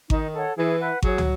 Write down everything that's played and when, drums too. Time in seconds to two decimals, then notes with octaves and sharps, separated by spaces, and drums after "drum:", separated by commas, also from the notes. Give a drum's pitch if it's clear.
0.10 D#3 D#4, drum: kick G#1
0.34 A4 C#5 F#5
0.57 E3 G#4
0.80 B4 F#5
1.03 F#3 G#4, drum: kick G#1
1.18 drum: tom